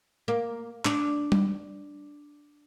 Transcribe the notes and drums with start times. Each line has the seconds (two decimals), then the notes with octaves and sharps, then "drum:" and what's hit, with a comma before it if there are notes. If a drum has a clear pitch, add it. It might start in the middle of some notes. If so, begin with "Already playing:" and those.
0.28 A#3
0.85 D4, drum: clap
1.32 drum: tom G3